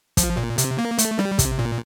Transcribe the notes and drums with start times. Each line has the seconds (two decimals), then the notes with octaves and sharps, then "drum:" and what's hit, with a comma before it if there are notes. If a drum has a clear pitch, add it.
0.17 F3, drum: kick, hi-hat
0.37 A#2
0.58 C3, drum: hi-hat
0.78 A#3
0.98 A3, drum: hi-hat
1.19 G3, drum: rim click
1.39 C3, drum: kick, hi-hat
1.59 A#2